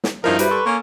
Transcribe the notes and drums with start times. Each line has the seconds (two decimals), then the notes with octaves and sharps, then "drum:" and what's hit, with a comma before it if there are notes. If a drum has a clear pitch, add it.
0.04 drum: snare
0.24 G2 F3 D#4 E4 A#4
0.39 G3 F#4 B4 C5 E5, drum: hi-hat
0.51 A4 C6 C#6
0.66 A#3 C#4